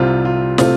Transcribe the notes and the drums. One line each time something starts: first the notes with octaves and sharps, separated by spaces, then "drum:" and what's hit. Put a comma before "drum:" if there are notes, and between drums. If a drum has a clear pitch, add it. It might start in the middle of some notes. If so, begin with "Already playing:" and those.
Already playing: C2 C3 G3 C4 F4
F4
C3 A3 C4 F4, drum: snare